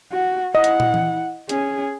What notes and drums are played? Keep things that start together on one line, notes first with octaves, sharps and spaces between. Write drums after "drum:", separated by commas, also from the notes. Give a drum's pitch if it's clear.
F#4
E4 D#5 F#5
drum: hi-hat
drum: tom
drum: tom E3
C#4 G#4, drum: hi-hat